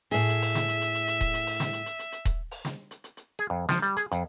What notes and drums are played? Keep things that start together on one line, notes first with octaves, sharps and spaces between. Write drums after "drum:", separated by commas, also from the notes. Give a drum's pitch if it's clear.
A2 G#4 E5
drum: hi-hat
drum: open hi-hat
drum: snare
drum: hi-hat
drum: hi-hat
drum: hi-hat
drum: hi-hat
drum: kick D#1, hi-hat
drum: hi-hat
drum: open hi-hat
drum: snare
drum: hi-hat
drum: hi-hat
drum: hi-hat
drum: hi-hat
drum: kick D#1, hi-hat
drum: open hi-hat
drum: snare
drum: hi-hat
drum: hi-hat
drum: hi-hat
G#4
F2
F3, drum: snare
G3, drum: hi-hat
G#4, drum: hi-hat
F2, drum: hi-hat